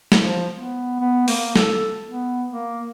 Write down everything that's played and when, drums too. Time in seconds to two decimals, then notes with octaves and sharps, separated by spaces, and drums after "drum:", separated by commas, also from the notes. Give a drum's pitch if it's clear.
0.12 drum: snare
0.21 F3
0.57 B3
1.00 B3
1.28 A#3, drum: open hi-hat
1.56 A4, drum: snare
2.08 B3
2.51 A#3